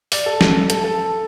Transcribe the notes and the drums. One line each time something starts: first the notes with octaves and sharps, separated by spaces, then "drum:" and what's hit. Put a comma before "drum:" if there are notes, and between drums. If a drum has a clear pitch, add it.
D5, drum: open hi-hat
A4
drum: snare
A4, drum: hi-hat
A4